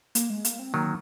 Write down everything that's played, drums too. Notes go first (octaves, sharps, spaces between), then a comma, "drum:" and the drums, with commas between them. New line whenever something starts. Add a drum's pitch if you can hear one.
A#3, drum: hi-hat
G#3
A#3, drum: hi-hat
C4
D#3 F#3 A#3